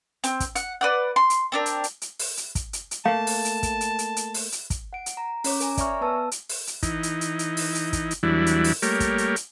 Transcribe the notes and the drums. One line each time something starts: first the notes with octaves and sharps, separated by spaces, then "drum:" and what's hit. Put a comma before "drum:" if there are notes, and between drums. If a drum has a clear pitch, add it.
C4, drum: hi-hat
drum: kick, hi-hat
F#5, drum: hi-hat
B4 D5 F#5
C6
drum: hi-hat
C4 D4 A#4
drum: hi-hat
drum: hi-hat
drum: hi-hat
drum: open hi-hat
drum: hi-hat
drum: kick, hi-hat
drum: hi-hat
drum: hi-hat
A3 A#3 F5 A5
drum: open hi-hat
drum: hi-hat
drum: kick, hi-hat
drum: hi-hat
drum: hi-hat
drum: hi-hat
drum: open hi-hat
drum: hi-hat
drum: kick, hi-hat
F#5 D7
drum: hi-hat
A#5
C#4 C#5 D6, drum: open hi-hat
A#4 G#5 A#5, drum: hi-hat
C#5 D5 E5 G#5 C#6 F6, drum: kick, hi-hat
B3 B4 A5 E6
drum: hi-hat
drum: open hi-hat
drum: hi-hat
E3 D#4, drum: kick, hi-hat
drum: hi-hat
drum: hi-hat
drum: hi-hat
drum: open hi-hat
drum: hi-hat
drum: kick, hi-hat
drum: hi-hat
E2 E3 F#3 G3 D4 E4
drum: hi-hat
drum: open hi-hat
G3 A3 A#3 G4 A#4 C#5, drum: hi-hat
drum: kick, hi-hat
drum: hi-hat
drum: hi-hat